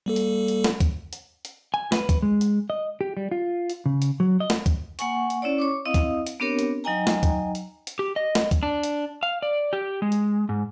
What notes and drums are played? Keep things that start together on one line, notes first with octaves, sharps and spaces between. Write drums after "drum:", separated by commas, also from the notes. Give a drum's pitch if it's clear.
G3 A#3 A4
drum: hi-hat
drum: hi-hat
drum: snare
drum: kick, hi-hat
drum: hi-hat
drum: hi-hat
G#5
B4, drum: snare
drum: kick, hi-hat
G#3
drum: hi-hat
D#5
G4
G3
F4
drum: hi-hat
C#3
drum: hi-hat
F#3
D#5
drum: snare
drum: kick, hi-hat
A#3 F#5 G#5 C#6, drum: hi-hat
drum: hi-hat
C#4 E4 C#5 D5
C#5 C#6 D6
C4 E4 D#5 F5 D#6
drum: kick, hi-hat
drum: hi-hat
B3 C4 D4 G4 A#4 C#5
drum: hi-hat
F#3 D#4 D#5 G5 G#5 A#5
drum: snare
drum: kick, hi-hat
drum: hi-hat
drum: hi-hat
G4
D#5
drum: snare
drum: kick, hi-hat
D4
drum: hi-hat
F5
D5
G4
G#3
drum: hi-hat
G#2